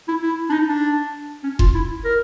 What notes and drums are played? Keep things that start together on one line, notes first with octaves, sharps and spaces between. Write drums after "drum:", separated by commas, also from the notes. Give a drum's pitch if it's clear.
E4
E4
D4
D#4
D4
C#4
F4, drum: kick F1
E4
A#4